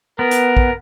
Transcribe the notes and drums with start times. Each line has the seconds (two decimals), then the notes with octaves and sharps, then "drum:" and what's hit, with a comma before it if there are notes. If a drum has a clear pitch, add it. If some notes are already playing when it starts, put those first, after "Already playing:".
0.19 B3 A#4
0.31 drum: hi-hat
0.57 drum: kick